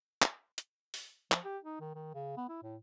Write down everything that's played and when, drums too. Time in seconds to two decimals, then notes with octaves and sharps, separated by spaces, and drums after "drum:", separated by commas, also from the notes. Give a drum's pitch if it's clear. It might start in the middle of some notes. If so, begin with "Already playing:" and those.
0.22 drum: clap
0.58 drum: hi-hat
0.94 drum: open hi-hat
1.32 F3, drum: clap
1.45 G4
1.64 D#4
1.81 D#3
1.95 D#3
2.15 C#3
2.37 B3
2.49 E4
2.63 A2